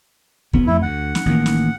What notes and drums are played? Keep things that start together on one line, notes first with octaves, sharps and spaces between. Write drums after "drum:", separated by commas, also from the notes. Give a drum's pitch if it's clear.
B1 F#3 B3, drum: kick
F2 F3 A3 E4
D2 F#5
drum: snare
A1 D#3 A#3
drum: snare